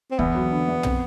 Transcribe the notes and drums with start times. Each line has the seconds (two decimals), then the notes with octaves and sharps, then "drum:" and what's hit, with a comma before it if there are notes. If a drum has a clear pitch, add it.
0.11 C4
0.19 E2 B3, drum: kick
0.35 F#3
0.51 D3
0.68 E2
0.83 C4, drum: tom